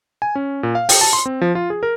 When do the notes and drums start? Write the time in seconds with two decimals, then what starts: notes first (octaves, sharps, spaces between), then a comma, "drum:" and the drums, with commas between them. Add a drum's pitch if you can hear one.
0.22 G#5
0.35 C#4
0.63 A#2
0.75 F5
0.89 G5, drum: open hi-hat
1.01 A5
1.13 C6
1.26 C4
1.41 F3
1.55 F4
1.70 G#4
1.83 A#4